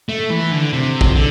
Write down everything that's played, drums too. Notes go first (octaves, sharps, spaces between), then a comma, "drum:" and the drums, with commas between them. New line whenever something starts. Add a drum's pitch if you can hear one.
A3
E3
D3
C3
drum: kick
D3